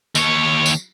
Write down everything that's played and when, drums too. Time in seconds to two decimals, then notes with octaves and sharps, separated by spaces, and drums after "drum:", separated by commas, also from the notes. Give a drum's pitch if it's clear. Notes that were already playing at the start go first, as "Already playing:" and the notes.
0.15 D#2 C#5, drum: tambourine
0.66 drum: tambourine